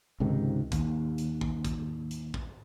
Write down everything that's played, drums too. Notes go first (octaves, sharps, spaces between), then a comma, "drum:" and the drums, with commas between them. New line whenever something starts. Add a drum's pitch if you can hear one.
C#2 G#2 C3 D#3
D#2, drum: kick, hi-hat
drum: hi-hat
drum: kick
drum: kick, hi-hat
drum: hi-hat
drum: kick